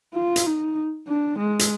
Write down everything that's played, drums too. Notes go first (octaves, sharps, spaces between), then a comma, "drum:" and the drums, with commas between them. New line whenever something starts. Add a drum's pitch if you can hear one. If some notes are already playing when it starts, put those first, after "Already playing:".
F4
drum: hi-hat
D#4
D4
G#3
drum: hi-hat